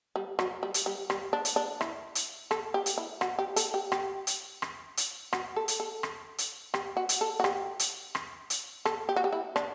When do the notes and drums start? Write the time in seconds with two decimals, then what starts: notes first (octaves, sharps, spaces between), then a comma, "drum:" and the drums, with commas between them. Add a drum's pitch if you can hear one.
0.16 G3
0.39 F#3, drum: rim click
0.63 G3
0.74 drum: hi-hat
0.86 G3
1.10 G3, drum: rim click
1.33 D4
1.45 drum: hi-hat
1.56 D4
1.81 E4, drum: rim click
2.15 drum: hi-hat
2.51 A4, drum: rim click
2.74 G4
2.86 drum: hi-hat
2.98 E4
3.21 F#4, drum: rim click
3.39 G4
3.56 A4, drum: hi-hat
3.74 G4
3.92 G4, drum: rim click
4.27 drum: hi-hat
4.62 drum: rim click
4.97 drum: hi-hat
5.33 F#4, drum: rim click
5.56 A4
5.68 drum: hi-hat
5.80 A4
6.03 drum: rim click
6.38 drum: hi-hat
6.74 G4, drum: rim click
6.97 F#4
7.09 drum: hi-hat
7.21 A4
7.40 F#4
7.44 G4, drum: rim click
7.79 drum: hi-hat
8.15 drum: rim click
8.50 drum: hi-hat
8.85 A4, drum: rim click
9.09 G4
9.16 F#4
9.24 G4
9.33 E4
9.56 D4, drum: rim click